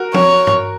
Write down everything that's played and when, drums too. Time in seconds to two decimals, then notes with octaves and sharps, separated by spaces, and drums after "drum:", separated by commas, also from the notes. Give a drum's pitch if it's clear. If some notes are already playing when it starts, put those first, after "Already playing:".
Already playing: F#4 A#4
0.14 C#5, drum: tom
0.47 drum: tom G2